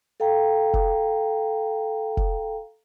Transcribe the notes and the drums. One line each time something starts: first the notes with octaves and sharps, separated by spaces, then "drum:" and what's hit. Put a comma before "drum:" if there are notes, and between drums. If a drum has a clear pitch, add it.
A4 F5 G5 A#5
drum: kick
drum: kick